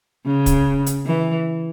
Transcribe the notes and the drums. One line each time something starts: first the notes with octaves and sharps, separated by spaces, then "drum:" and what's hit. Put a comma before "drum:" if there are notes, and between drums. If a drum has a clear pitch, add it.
C#3
drum: kick, hi-hat
drum: hi-hat
E3